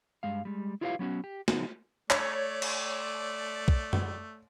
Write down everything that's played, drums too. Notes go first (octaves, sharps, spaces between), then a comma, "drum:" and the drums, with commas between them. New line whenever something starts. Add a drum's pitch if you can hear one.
G2 G#3 F5
G3 G#3
E4 F4 G4 B4 C#5 F5
F#3 B3 C#4 F#4
G4
C#3 F3 F#3 B3 D#4 F#4, drum: snare
A3 C#5 D5, drum: clap
drum: cymbal
drum: kick
drum: tom F#2